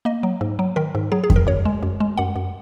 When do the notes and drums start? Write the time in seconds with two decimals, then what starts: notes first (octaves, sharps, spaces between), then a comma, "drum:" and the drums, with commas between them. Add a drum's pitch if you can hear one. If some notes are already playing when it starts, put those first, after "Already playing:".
0.05 A#3 D#5
0.23 F#3
0.41 G#2
0.59 F#3
0.76 D#3 A#4
0.95 G#2
1.12 F#3 G#4
1.24 G#4
1.30 D#3, drum: kick F2
1.36 A#4
1.47 F#2 C#5
1.65 G#3
1.83 F#2
2.00 G#3
2.17 F#2 F#5
2.36 F#2